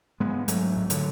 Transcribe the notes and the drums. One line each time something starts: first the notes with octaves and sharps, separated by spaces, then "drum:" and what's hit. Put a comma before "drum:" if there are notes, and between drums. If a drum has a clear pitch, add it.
G#2 G#3 B3
G#2 F#3 A3, drum: hi-hat
G#2
D3 F#3, drum: hi-hat